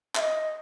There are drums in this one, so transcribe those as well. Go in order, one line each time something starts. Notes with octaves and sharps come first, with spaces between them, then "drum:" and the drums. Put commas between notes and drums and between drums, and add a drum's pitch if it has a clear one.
E5, drum: clap
D#5